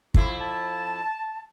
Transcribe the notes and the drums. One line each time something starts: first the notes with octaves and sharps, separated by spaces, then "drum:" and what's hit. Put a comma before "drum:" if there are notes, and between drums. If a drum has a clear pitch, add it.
F2 E4 F4 A4 C6, drum: kick
A5